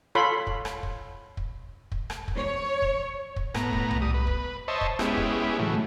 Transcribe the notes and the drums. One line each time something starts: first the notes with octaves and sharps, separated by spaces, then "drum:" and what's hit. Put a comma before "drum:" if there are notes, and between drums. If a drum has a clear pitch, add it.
F4 A4 C#5 B5 C6
drum: kick
drum: rim click
drum: kick
drum: kick
drum: kick
drum: rim click
drum: kick
C#5
drum: kick
drum: kick
A2 B3 A#5, drum: rim click
drum: kick
drum: tom C2
G3 D#6
B4
drum: kick
C5 C#5 D#5 E5 A5
drum: kick
G#3 B3 C#4 E4 G4, drum: rim click
drum: kick
A2 C#3 E3 F#3 A3